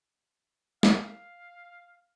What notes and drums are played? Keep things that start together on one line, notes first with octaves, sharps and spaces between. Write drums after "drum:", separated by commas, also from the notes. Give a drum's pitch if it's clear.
F5, drum: snare